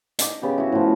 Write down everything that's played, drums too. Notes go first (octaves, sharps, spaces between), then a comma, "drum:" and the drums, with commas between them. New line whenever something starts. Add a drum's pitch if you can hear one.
D#4 D6, drum: hi-hat
C#3 B3 G4
E4 F#4
A2 F3